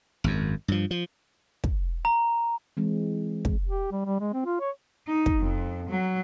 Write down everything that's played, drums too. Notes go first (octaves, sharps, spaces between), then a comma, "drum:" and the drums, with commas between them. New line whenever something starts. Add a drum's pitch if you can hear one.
G#1 F#2
G2 F3
F3
drum: kick
A#5
E3 G#3 C4
drum: kick
G4
G3
G3
G#3
C4
F4
C#5
D#4
drum: kick
F2
F#3